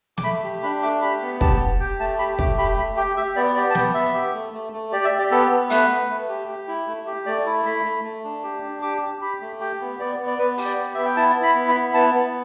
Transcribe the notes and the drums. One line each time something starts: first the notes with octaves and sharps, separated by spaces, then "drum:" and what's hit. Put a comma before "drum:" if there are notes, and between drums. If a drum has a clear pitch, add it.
D6, drum: snare
A3 B5
G4
D4 B5
A3 D6
G4 B5
B3
G4 A5, drum: kick
G4
G4 G5
A3 A5
G4 B5
A3 D6, drum: kick
G4 B5
A3 B5
G4 G5
G4 E5
B3 D5
G4 D5
A5
B3 G5, drum: snare
B3 E5
G4
A3
A3
A3
G4 D5
E5
G4
D5
B3 A4
B3
A3 B4, drum: hi-hat
A3
A3
G4
G4
E4
A3
G4
A3 D5
E4
A3 B5
A3
A3
D4
G4
D4
G4 D6
G4
G4 B5
A3
G4 G5
B3
B3 D5
B3
D5
B3 B4
G4, drum: open hi-hat
D5
B3
B3 E5
G5
E4 A5
E4
B5
B3
B5
E4
B3 A5
B3